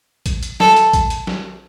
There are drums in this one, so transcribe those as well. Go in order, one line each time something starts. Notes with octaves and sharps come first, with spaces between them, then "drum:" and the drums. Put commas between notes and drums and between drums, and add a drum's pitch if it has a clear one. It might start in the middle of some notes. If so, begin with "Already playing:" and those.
drum: kick A#1, hi-hat
drum: hi-hat
A4, drum: snare
drum: hi-hat
drum: kick A#1, hi-hat
drum: hi-hat
drum: snare